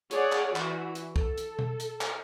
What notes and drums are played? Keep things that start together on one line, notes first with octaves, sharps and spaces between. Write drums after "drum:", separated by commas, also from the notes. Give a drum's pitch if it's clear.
G#4 C#5 D5 F#5, drum: hi-hat
drum: clap
E3 F#4, drum: clap
drum: hi-hat
A4, drum: kick
drum: hi-hat
drum: tom B2
drum: hi-hat
drum: clap